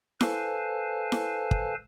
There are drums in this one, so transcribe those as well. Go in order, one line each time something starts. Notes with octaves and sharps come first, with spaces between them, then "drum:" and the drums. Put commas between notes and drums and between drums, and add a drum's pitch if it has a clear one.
A4 B4 C5 F5 G#5 A5, drum: snare E4
drum: snare E4
drum: kick